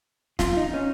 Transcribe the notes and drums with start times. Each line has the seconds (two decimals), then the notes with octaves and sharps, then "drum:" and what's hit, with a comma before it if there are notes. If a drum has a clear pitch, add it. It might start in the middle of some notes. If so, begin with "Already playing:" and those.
0.39 F4, drum: snare
0.57 D#4
0.74 C#4